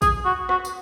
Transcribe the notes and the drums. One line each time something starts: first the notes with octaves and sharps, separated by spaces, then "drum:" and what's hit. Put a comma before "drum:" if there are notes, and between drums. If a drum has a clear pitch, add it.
G#4, drum: kick A#1, tambourine
F#4
F#4, drum: rim click
drum: tambourine